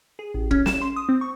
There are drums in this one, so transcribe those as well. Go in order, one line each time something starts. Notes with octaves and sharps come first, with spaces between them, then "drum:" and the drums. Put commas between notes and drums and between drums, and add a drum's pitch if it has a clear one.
G#4
A1
C#4, drum: kick
E7, drum: snare
C6
D#6
C4
C#6